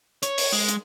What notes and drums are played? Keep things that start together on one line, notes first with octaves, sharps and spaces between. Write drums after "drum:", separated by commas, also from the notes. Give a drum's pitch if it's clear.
C#5, drum: hi-hat
drum: open hi-hat
G#3, drum: open hi-hat
drum: hi-hat